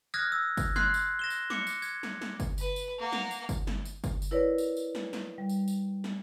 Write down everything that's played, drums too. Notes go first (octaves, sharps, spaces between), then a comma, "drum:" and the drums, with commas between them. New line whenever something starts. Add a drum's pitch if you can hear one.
D#6 F6 F#6 G#6 A#6
E6
drum: kick G1, tambourine
C6 F#6 G#6 C7, drum: snare
drum: tambourine
A#6 E7 G7
drum: tambourine
D6 C#7, drum: snare
drum: tambourine
G#6, drum: tambourine
drum: snare
drum: snare
drum: kick G1, tambourine
B4, drum: tambourine
drum: tambourine
A#3 F#5
drum: snare
drum: tambourine
drum: kick G1, tambourine
drum: snare
drum: tambourine
drum: kick G1, tambourine
drum: tambourine
E4 A#4 B4 C#5 D5
drum: tambourine
drum: tambourine
drum: snare
drum: snare
G3
drum: tambourine
drum: tambourine
drum: snare